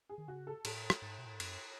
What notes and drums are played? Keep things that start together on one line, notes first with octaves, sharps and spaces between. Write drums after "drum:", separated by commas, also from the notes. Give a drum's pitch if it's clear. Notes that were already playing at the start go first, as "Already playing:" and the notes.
G#4
D#3
C#3 F#4
A4
A2 A4, drum: cymbal
drum: rim click
G#2
B2
A2
G#2
F#2, drum: cymbal